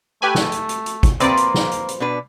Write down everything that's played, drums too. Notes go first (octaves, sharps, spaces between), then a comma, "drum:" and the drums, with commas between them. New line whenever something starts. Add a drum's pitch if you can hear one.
A3 G4 B4 G#5
drum: snare
drum: hi-hat
drum: hi-hat
drum: hi-hat
drum: kick, hi-hat
C3 F3 A#3 C4 B4 D5, drum: hi-hat
drum: hi-hat
drum: snare
drum: hi-hat
drum: hi-hat
B2 D4 B4